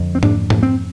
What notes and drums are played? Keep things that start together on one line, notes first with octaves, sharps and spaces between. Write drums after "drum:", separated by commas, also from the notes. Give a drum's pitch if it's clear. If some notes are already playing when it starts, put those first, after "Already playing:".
Already playing: F2 D3
C4
D4, drum: tom G#2
drum: tom G#2
C4